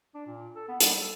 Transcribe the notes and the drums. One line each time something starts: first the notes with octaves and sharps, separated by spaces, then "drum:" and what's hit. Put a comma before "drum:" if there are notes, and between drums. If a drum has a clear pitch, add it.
D4
A#2
A4
B3
G3, drum: hi-hat
A4